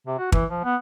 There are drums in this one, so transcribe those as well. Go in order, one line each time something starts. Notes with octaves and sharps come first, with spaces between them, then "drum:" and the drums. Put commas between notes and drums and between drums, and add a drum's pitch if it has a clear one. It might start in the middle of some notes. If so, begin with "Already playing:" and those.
C3
F#4
E3, drum: kick
F3
B3